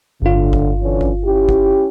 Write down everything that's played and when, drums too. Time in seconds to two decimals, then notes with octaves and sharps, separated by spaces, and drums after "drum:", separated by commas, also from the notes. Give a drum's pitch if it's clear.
0.22 G1 A2 D3 F4
0.53 drum: kick
0.81 D3 E3 C#4
1.01 drum: kick
1.25 C#4 E4 G4
1.49 drum: kick